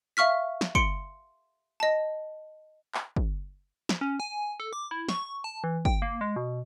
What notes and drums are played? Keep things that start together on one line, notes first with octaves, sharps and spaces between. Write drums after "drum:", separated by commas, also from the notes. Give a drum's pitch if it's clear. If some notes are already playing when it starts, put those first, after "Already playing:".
E5 F5 C#6 F6 B6
drum: snare
C6 C#7 D7, drum: kick
D#5 A5
drum: clap
drum: kick
drum: snare
C#4
G#5
A4
D6
E4
C#6, drum: snare
A5
E3
G5, drum: kick
A#3
G#3
B2